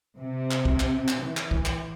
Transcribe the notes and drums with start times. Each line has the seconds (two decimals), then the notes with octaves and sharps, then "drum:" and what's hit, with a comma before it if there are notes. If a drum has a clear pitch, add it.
0.18 C3
0.51 drum: clap
0.65 drum: kick
0.80 drum: clap
1.08 drum: clap
1.23 E3
1.37 drum: clap
1.51 drum: kick
1.65 drum: clap